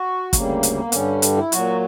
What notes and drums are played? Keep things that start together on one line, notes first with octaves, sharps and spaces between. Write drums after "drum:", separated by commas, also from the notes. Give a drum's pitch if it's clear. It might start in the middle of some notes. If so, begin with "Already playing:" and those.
Already playing: F#4
D2 C#3 G3 A#3, drum: kick, hi-hat
drum: hi-hat
B3
G2 D3 G3 C#4, drum: hi-hat
drum: hi-hat
E4
A#2 F#3 F#4, drum: hi-hat